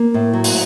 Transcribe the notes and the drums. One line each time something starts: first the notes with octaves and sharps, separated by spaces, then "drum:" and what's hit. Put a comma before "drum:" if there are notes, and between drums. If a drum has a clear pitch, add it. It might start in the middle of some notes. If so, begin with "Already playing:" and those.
Already playing: A#3
A2
F#3
drum: open hi-hat